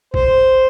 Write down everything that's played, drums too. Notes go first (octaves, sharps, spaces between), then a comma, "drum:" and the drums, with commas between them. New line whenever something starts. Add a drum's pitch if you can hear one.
C5, drum: kick